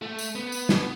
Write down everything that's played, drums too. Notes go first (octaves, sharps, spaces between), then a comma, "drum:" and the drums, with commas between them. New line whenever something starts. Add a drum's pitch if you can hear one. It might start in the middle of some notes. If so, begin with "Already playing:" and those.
A3
drum: tambourine
B3
drum: tambourine
drum: snare